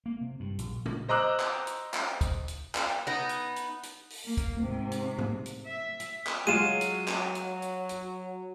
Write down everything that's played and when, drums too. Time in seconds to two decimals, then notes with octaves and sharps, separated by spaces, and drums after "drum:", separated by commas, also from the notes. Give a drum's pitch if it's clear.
0.06 A#3
0.21 C3
0.40 G2
0.59 A#1, drum: hi-hat
0.86 drum: tom A#2
1.09 C5 D#5 A#5 D6 E6 F#6
1.40 drum: clap
1.67 drum: hi-hat
1.94 drum: clap
2.21 drum: kick, hi-hat
2.48 drum: hi-hat
2.75 drum: clap
3.07 B3 D#4
3.29 drum: hi-hat
3.56 drum: hi-hat
3.83 drum: hi-hat
4.10 drum: open hi-hat
4.26 A#3
4.37 drum: kick, hi-hat
4.59 G#2 C3
4.91 drum: hi-hat
5.19 drum: tom G#2
5.46 drum: hi-hat
5.66 E5
6.00 drum: hi-hat
6.27 drum: clap
6.47 F#3 G#3 F4 D#7 E7
6.81 drum: hi-hat
7.08 drum: clap
7.35 drum: hi-hat
7.62 drum: hi-hat
7.89 drum: hi-hat